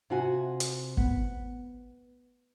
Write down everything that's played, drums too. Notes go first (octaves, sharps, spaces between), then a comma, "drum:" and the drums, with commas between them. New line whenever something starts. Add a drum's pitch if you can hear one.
C3 F4 F#4 G#5
drum: hi-hat
B3, drum: kick G#1